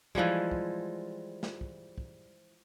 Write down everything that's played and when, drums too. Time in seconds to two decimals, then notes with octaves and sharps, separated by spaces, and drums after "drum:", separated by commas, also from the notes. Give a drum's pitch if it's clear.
0.15 E3 F3 G3 G#3, drum: kick
0.51 drum: kick
1.43 drum: snare
1.61 drum: kick
1.98 drum: kick